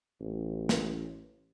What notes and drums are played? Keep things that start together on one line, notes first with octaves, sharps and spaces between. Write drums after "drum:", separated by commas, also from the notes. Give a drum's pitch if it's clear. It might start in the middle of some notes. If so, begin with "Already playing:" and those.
A1
drum: snare